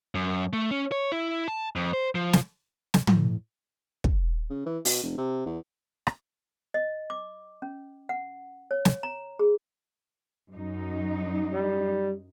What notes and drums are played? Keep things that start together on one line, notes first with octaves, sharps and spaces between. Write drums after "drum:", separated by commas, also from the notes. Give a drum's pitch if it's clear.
F#2
A3
C#4
C#5
E4
A5
F2
C5
F3
drum: snare
drum: snare
A2, drum: tom
drum: kick
C#3
E3
B2, drum: open hi-hat
F1
C3
E2
drum: rim click
D#5
D6
C#4
F#5
C#5
drum: snare
A#5
G#4
F#2 D#4
G3